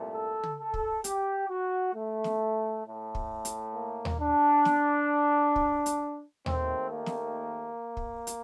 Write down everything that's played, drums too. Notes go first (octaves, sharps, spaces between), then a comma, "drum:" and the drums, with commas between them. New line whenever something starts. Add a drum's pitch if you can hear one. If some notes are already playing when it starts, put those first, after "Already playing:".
Already playing: C2 A#2 A3
A4
drum: tom
A4
drum: kick
G4, drum: hi-hat
F#4
A3
drum: snare
A2 A3
drum: kick
drum: hi-hat
A#3
drum: tom D#2
D4
drum: snare
drum: kick
drum: hi-hat
D#2 D#3 A3 C4, drum: tom D#2
A#3
drum: snare
drum: kick
drum: hi-hat